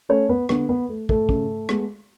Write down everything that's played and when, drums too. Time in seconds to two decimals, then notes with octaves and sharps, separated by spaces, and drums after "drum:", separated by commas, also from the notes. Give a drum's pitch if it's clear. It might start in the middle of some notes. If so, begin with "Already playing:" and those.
0.09 A3 C#4 C#5
0.29 B3 B4
0.49 D3 B3 B4, drum: rim click
0.69 B3 B4
0.89 A3
1.09 A3 A4, drum: kick
1.29 C#3, drum: kick
1.69 G#3 B3, drum: rim click